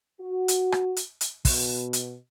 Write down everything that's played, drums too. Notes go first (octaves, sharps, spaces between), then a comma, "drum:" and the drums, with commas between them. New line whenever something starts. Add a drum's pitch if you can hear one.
F#4
drum: hi-hat
drum: rim click
drum: hi-hat
drum: hi-hat
B2, drum: kick, open hi-hat
drum: hi-hat